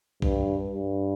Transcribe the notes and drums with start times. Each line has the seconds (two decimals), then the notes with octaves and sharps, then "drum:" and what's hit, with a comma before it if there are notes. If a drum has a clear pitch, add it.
0.22 G2, drum: kick A#1
0.70 G2